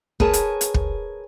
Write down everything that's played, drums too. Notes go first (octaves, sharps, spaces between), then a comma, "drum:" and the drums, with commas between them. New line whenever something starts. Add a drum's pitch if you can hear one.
G#4 A#4 B4 C#5 A5, drum: kick
drum: hi-hat
drum: hi-hat
drum: kick